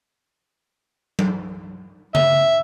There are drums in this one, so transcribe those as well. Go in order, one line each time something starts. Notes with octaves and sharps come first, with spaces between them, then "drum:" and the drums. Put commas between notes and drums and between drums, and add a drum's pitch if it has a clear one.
drum: tom F#3
E5, drum: tom C#3